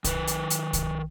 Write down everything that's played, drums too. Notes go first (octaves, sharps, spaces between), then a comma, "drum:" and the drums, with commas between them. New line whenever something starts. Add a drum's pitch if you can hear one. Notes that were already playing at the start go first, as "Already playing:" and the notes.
D#3 B4, drum: kick, hi-hat
drum: hi-hat
drum: hi-hat
drum: kick, hi-hat